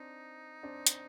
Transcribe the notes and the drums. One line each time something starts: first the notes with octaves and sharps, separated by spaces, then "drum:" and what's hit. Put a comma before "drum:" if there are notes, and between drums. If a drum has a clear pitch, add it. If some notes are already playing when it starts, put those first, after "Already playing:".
Already playing: C4 D4 D#4
C4 D4
drum: hi-hat